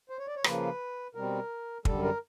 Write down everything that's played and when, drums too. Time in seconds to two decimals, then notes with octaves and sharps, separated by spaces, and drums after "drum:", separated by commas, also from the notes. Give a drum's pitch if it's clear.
0.10 C5
0.19 C#5
0.27 D5
0.36 C#5
0.44 C#3 F3 A#3 B4, drum: rim click
1.15 B2 G3 C4 A#4
1.85 F#2 D3 G3 A4, drum: kick
2.03 A#4